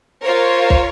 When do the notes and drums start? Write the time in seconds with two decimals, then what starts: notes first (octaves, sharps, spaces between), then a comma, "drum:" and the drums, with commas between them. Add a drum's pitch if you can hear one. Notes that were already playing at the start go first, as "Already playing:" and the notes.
0.23 F4 A#4 C5 C#5
0.70 drum: kick